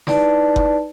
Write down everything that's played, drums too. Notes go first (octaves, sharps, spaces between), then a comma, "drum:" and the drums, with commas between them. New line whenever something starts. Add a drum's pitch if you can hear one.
D#4 E4 B4 D5 A5, drum: snare
drum: kick F#1